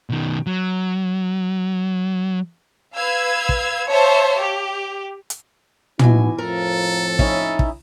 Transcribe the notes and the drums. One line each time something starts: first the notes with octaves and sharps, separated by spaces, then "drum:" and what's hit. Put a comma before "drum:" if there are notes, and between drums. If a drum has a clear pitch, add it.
B2 D#3
F#3
B4 F5 E6 G#6
drum: kick
C5 C#5 E5 F5 A5
G4
drum: hi-hat
B2 E3 D#4 G#5, drum: tom
F2 A2 F3 A4 A#4
C#4 D#4 E4, drum: kick
drum: kick